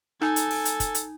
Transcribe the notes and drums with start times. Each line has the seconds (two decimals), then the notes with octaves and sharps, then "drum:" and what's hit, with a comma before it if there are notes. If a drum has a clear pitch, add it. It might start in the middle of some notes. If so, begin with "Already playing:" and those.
0.22 D#4 A4 G#5, drum: rim click
0.36 drum: hi-hat
0.51 drum: open hi-hat
0.65 drum: hi-hat
0.80 drum: kick, hi-hat
0.95 drum: hi-hat